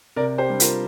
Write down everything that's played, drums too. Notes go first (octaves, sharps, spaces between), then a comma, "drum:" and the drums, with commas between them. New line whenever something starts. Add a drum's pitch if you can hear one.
C3 A#4 D5
G4 C5
G3 D4
F4 A#4, drum: hi-hat